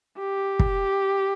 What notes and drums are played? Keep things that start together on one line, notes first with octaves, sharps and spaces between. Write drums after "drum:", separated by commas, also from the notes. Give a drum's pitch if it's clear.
G4
drum: kick